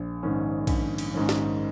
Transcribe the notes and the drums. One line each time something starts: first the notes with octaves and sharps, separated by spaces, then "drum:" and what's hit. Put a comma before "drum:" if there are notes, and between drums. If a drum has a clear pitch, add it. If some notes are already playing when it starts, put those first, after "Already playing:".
Already playing: A#1
G#2 D#3 C#4
A#1, drum: kick A#1, cymbal
drum: cymbal
G#2 D#3 C#4
drum: snare